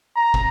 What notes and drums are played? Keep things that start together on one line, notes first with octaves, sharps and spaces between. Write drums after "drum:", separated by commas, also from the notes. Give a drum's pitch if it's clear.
A#5
drum: kick